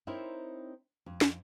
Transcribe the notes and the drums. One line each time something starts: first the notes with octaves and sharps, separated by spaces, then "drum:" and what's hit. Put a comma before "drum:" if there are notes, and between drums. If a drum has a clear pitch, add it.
C4 D#4 E4 A#4 C5 C#5
F2
drum: snare